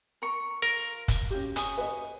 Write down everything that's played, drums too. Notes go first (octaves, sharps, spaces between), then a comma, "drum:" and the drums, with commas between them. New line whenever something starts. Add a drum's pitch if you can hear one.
A#4 C#6
F4 A#4
drum: kick, hi-hat
C#4 G4
G#4 C#5 D#6, drum: hi-hat
B4 D#5